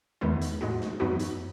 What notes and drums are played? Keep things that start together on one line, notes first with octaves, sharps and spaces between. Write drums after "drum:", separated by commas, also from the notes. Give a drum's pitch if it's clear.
E2 D#3 G#3 B3 E4
drum: hi-hat
A2 G#3 D#4 F#4
drum: snare
F#2 E3 B3 D#4 F#4
drum: hi-hat